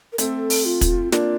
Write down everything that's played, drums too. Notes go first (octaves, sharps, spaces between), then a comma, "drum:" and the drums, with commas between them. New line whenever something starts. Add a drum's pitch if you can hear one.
A#4
A3 C4 A4, drum: hi-hat
drum: open hi-hat
F4
drum: kick, hi-hat
A#3 D4 F4, drum: snare